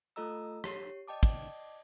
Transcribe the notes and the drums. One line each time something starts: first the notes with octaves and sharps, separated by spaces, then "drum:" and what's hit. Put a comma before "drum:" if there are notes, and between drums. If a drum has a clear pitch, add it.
A3 F4 A4 D#5 A#5 E6
G4 C#5 C7, drum: rim click
D5 D#5 G5 A5 D6
drum: kick, cymbal